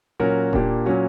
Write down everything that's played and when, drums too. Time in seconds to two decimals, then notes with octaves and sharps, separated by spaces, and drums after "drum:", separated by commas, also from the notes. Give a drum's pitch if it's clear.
0.20 A#2 F#3 C#4 F#4 A#4
0.53 A#2 A#3 D4 G4, drum: kick D#1
0.86 A#2 F#3 C#4 F#4